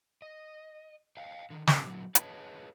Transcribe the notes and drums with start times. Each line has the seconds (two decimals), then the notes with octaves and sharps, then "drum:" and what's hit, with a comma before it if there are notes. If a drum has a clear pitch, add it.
0.22 D#5
1.17 D#5 F5 G5
1.50 D3 D#3
1.67 G#2 C#4 A5, drum: snare
1.83 A#2 D3 F#3
2.15 G#4 B4 C#5 D#5 A5, drum: hi-hat